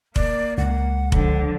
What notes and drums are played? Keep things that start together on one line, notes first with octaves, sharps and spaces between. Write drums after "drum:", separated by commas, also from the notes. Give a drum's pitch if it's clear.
A#3 D5, drum: kick F1
C#2 F#5
D3 F3, drum: kick F1